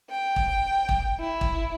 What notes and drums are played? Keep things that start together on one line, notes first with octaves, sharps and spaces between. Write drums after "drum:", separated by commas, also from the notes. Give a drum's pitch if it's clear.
G5
drum: kick
drum: kick
E4
drum: kick